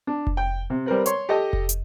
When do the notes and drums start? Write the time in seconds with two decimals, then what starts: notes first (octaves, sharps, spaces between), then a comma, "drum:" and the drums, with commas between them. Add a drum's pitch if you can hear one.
0.07 D4
0.27 drum: kick F1
0.37 G5
0.70 C3
0.86 G3 C4 A#4 B4
1.06 C#5 C6, drum: hi-hat
1.29 G4 A4 D#5
1.53 drum: kick F1
1.69 drum: hi-hat